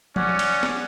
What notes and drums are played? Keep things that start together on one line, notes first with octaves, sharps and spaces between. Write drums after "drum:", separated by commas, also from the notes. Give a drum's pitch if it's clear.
C#4 D5 F#5, drum: tom F3
drum: cymbal
drum: snare